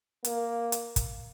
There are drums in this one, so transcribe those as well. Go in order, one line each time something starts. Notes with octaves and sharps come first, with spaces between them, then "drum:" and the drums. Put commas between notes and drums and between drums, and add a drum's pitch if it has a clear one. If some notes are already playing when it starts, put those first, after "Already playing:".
A#3, drum: hi-hat
drum: hi-hat
drum: kick, hi-hat